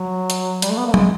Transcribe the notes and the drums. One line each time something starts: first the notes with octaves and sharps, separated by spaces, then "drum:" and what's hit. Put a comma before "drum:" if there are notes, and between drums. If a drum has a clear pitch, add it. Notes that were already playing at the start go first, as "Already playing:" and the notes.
Already playing: F#3
drum: hi-hat
G3, drum: hi-hat
A3
B3
A#3
G#3, drum: tom